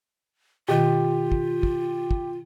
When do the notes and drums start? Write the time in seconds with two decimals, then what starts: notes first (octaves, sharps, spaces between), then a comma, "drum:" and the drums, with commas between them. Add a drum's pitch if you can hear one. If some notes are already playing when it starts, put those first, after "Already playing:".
0.69 B2 D#3 F4 G4
1.32 drum: kick
1.63 drum: kick
2.11 drum: kick